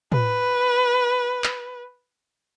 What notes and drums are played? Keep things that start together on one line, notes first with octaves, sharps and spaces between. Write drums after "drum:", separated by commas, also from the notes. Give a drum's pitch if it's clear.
B4, drum: tom
drum: clap